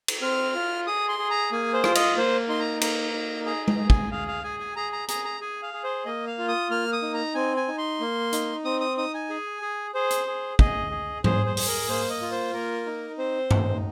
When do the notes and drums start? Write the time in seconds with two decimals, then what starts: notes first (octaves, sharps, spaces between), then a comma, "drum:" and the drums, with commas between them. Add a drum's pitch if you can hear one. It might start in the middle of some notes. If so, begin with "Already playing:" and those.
0.08 drum: cymbal
0.22 C4 F6
0.55 F4
0.87 G#4 D#6
1.08 C6
1.19 G#4
1.31 A#5
1.52 A#3 G#5
1.74 C5
1.84 F4, drum: rim click
1.95 D#5, drum: cymbal
2.16 A#3 C5
2.49 D#4 C6
2.60 A#5
2.81 A#3 A#5, drum: cymbal
3.14 D#4
3.46 G#4 A#5
3.68 A#5, drum: tom G#3
3.79 G#4
3.90 G#5, drum: kick
4.11 G#4 F5
4.28 F5
4.44 G#4 G#5
4.60 G#5
4.76 G#4 A#5
4.92 A#5
5.08 G#4 A#5, drum: hi-hat
5.25 A#5
5.41 G#4 G#5
5.63 F5
5.74 G#4
5.84 C5
6.05 A#3 D#5
6.27 F5
6.38 F4
6.48 D#6
6.70 A#3 F6
6.93 D#6
7.02 D#4
7.14 A#5
7.35 C4 G#5
7.57 G#5
7.68 D#4
7.78 C6
8.00 A#3
8.33 D#4, drum: hi-hat
8.65 C4 D#6
8.80 D#6
8.97 D#4 D#6
9.14 G#5
9.30 G#4
9.62 G#4
9.95 G#4 C5
10.11 drum: hi-hat
10.27 G#4
10.59 G#4 D#5, drum: kick
10.91 G#4
11.24 G#4 C5, drum: tom G#2
11.46 C5
11.57 G#4, drum: open hi-hat
11.67 A#4
11.89 A#3 C5
12.10 D#5
12.22 F4
12.32 C5
12.54 A#3 A#4
12.86 D#4
13.18 C4 C5
13.51 D#4, drum: tom G2